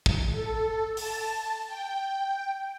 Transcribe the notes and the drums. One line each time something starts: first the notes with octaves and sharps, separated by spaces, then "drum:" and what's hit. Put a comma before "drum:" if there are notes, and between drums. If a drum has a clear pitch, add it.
drum: kick
A4
A5, drum: open hi-hat
G5